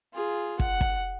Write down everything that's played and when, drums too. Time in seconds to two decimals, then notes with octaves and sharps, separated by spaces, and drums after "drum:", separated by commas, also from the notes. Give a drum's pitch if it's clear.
0.14 F4 G#4
0.59 F#5, drum: kick
0.81 drum: kick